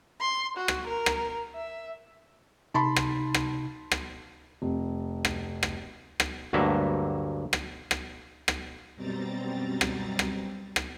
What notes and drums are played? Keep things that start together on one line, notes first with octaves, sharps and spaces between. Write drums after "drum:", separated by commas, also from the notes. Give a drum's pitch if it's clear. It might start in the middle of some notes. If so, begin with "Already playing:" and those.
C6
F#4
drum: rim click
A#4
drum: rim click
E5
C3 D#4 A5 B5 C6
drum: rim click
drum: rim click
drum: rim click
F1
drum: rim click
drum: rim click
drum: rim click
D2 G2 F#3 A#3 E5
drum: rim click
drum: rim click
drum: rim click
F#2 B2 G3 C4 A#5 A6
drum: rim click
drum: rim click
drum: rim click